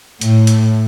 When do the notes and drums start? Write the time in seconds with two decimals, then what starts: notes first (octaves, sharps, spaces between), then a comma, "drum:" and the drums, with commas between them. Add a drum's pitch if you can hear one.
0.21 A2, drum: hi-hat
0.47 drum: hi-hat